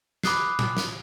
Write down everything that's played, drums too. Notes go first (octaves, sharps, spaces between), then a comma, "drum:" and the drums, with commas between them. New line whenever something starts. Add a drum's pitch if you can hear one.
B5 D6 D#6 F#6 C7, drum: snare
drum: tom A2
drum: snare